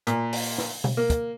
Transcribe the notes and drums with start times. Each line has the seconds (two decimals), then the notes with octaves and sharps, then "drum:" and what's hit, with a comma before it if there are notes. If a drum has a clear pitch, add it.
0.07 A#2, drum: hi-hat
0.33 drum: open hi-hat
0.58 drum: snare
0.84 drum: tom B2
0.97 A#3
1.10 drum: kick, hi-hat